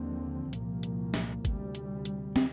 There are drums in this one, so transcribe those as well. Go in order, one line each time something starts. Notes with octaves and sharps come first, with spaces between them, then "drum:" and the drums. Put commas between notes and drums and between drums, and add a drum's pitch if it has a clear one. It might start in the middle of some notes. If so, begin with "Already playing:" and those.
Already playing: D#2 D3 F3 A#3 C4
C2 A#2 F3 A#3, drum: hi-hat
drum: hi-hat
drum: snare
D2 C3 G3, drum: kick G#1, hi-hat
drum: hi-hat
drum: hi-hat
C4, drum: snare